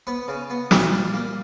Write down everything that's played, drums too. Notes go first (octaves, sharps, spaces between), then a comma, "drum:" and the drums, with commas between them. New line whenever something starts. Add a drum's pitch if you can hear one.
B3 B4
C#3
B3
A#2 A#4, drum: snare
G3
A#3